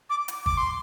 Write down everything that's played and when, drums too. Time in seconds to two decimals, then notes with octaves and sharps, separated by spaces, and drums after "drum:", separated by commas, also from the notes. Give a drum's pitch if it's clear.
0.10 D6
0.28 drum: hi-hat
0.46 D6, drum: kick
0.57 C6